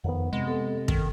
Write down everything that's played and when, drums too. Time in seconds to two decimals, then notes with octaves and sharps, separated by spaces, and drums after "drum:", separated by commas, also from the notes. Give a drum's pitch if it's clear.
0.04 F2 D#3 B3 F#5
0.33 C3 G#3 B3 F#5
0.47 A4
0.88 D#3, drum: kick